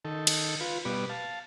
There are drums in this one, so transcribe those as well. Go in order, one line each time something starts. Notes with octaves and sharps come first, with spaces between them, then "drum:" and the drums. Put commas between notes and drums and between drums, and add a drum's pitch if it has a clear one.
D#3 A4
drum: cymbal
F4 B4
B2 G3 B3 B4 D6
F5 A5